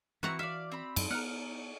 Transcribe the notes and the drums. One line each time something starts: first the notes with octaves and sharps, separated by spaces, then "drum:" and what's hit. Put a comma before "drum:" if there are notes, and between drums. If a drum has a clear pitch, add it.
E3 C4 E4 F#4 F#5 A#5 C#6
D5 E5 F5
C4 B5
F#2, drum: cymbal
B3 F#5 A#5 F6